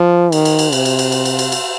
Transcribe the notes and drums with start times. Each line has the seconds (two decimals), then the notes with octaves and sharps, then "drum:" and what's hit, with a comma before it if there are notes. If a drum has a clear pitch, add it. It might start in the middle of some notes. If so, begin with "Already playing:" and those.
Already playing: F3
0.32 D#3, drum: cymbal
0.45 drum: cymbal
0.59 drum: cymbal
0.73 C3, drum: cymbal
0.85 drum: cymbal
0.99 drum: cymbal
1.12 drum: cymbal
1.25 drum: cymbal
1.39 drum: cymbal
1.52 drum: cymbal